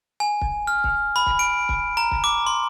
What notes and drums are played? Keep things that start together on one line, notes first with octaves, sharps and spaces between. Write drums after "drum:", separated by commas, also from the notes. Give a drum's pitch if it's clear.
G#5
drum: kick
F6
drum: kick
B5
drum: kick
D7
drum: kick
A#5
drum: kick
D6
C6